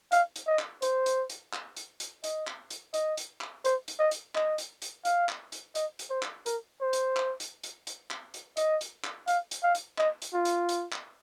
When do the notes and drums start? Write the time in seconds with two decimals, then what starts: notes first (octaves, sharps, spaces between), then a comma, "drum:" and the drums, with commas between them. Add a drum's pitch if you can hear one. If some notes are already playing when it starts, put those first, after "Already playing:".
0.12 F5, drum: hi-hat
0.36 drum: hi-hat
0.47 D#5
0.59 drum: clap
0.82 C5, drum: hi-hat
1.06 drum: hi-hat
1.30 drum: hi-hat
1.53 drum: clap
1.77 drum: hi-hat
2.00 drum: hi-hat
2.24 D#5, drum: hi-hat
2.47 drum: clap
2.70 drum: hi-hat
2.94 D#5, drum: hi-hat
3.17 drum: hi-hat
3.41 drum: clap
3.65 C5, drum: hi-hat
3.88 drum: hi-hat
3.99 D#5
4.11 drum: hi-hat
4.35 D#5, drum: clap
4.58 drum: hi-hat
4.82 drum: hi-hat
5.05 F5, drum: hi-hat
5.29 drum: clap
5.52 drum: hi-hat
5.75 D#5, drum: hi-hat
5.99 drum: hi-hat
6.10 C5
6.23 drum: clap
6.46 A#4, drum: hi-hat
6.81 C5
6.93 drum: hi-hat
7.17 drum: clap
7.40 drum: hi-hat
7.63 drum: hi-hat
7.87 drum: hi-hat
8.10 drum: clap
8.34 drum: hi-hat
8.57 D#5, drum: hi-hat
8.81 drum: hi-hat
9.04 drum: clap
9.28 F5, drum: hi-hat
9.51 drum: hi-hat
9.63 F5
9.75 drum: hi-hat
9.98 D#5, drum: clap
10.22 drum: hi-hat
10.34 F4
10.45 drum: hi-hat
10.69 drum: hi-hat
10.92 drum: clap